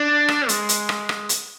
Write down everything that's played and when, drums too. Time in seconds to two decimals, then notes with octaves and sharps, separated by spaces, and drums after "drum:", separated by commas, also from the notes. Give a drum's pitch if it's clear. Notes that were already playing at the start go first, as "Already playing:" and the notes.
Already playing: D4
0.28 drum: rim click
0.49 G#3, drum: hi-hat
0.69 drum: hi-hat
0.89 drum: rim click
1.09 drum: rim click
1.29 drum: hi-hat